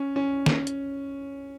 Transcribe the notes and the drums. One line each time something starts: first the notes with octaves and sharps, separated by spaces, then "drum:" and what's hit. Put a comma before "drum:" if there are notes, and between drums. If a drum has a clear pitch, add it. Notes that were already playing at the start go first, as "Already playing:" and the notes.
Already playing: C#4
C#4
drum: snare
drum: hi-hat